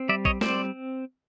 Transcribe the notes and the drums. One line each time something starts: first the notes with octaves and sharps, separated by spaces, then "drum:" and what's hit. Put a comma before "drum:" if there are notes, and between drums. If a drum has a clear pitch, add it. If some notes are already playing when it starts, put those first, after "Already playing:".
Already playing: C4
G3 D5 E5
C#5 D#5, drum: kick
C4 C5 D5, drum: snare